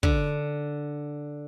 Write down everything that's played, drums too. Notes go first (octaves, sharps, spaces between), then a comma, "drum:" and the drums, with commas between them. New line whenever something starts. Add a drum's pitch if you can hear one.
D3, drum: kick